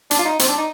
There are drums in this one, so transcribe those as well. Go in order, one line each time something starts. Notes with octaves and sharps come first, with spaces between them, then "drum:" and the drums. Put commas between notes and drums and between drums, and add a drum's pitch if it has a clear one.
D4, drum: hi-hat
F4
D#4
C4, drum: hi-hat
D4
D#4